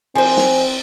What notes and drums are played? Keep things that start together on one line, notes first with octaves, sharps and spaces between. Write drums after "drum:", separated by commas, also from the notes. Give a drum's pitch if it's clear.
F3 C4 C5 G#5, drum: cymbal
drum: snare